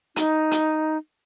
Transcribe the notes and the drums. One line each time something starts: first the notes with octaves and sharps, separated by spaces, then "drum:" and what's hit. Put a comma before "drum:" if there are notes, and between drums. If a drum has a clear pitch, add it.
D#4, drum: hi-hat
drum: hi-hat